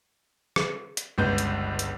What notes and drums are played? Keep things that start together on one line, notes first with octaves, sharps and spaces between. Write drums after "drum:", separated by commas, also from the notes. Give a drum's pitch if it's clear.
drum: rim click
drum: hi-hat
G1 C#2 B4 G6
drum: hi-hat
drum: hi-hat